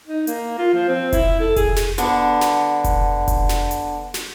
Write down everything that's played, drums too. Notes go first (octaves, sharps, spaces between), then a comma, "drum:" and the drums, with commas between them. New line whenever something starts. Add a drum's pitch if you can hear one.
D#4
A#3, drum: hi-hat
F4
F3
C4
E4, drum: kick F1, hi-hat
A4
G#4, drum: kick F1, hi-hat
drum: snare
D3 B3 D4, drum: hi-hat
drum: snare
drum: kick F1, hi-hat
drum: kick F1, hi-hat
drum: snare
drum: hi-hat
drum: snare